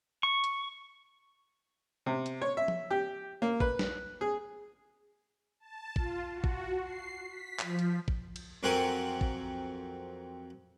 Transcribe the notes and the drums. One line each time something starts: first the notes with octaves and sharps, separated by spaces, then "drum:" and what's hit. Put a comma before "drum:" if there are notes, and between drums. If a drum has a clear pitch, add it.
C#6
drum: hi-hat
C3
drum: hi-hat
C#5
E5
drum: tom
G4
A#3
B4, drum: kick A1
drum: snare
G#4
A5
F4, drum: kick A1
F#4
drum: kick A1
C7
B6
F3, drum: clap
drum: hi-hat
drum: kick A1
drum: cymbal
F2 F#3 C4 A#4 F#5 G#5
drum: kick A1